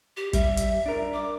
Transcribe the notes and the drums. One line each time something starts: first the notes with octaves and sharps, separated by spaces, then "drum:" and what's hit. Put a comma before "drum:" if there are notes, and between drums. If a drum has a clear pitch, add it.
G4
G3 E5, drum: kick, hi-hat
drum: hi-hat
D4 A#4
D6